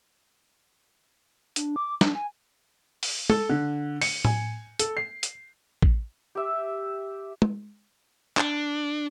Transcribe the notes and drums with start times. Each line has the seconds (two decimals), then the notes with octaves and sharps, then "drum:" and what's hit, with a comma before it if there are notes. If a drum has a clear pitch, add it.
1.56 D4, drum: hi-hat
1.76 D6
2.01 D4, drum: snare
2.15 G#5
3.03 drum: open hi-hat
3.30 A4, drum: tom
3.50 D3
4.02 C#7, drum: open hi-hat
4.25 G#5, drum: tom A2
4.79 A4, drum: hi-hat
4.97 C7
5.23 drum: hi-hat
5.82 drum: kick A1
6.35 G4 E5
7.42 drum: tom
8.37 D4, drum: clap